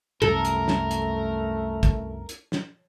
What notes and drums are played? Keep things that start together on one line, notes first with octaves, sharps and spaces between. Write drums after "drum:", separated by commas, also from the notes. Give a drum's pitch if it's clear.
C2 F#2 A3 A4 A#4
drum: hi-hat
drum: snare
drum: hi-hat
drum: kick, hi-hat
drum: hi-hat
drum: snare